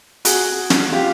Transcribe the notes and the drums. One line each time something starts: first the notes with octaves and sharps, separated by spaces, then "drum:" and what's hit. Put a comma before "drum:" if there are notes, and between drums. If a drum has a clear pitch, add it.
F#4 G#4, drum: hi-hat
drum: snare
F4 G4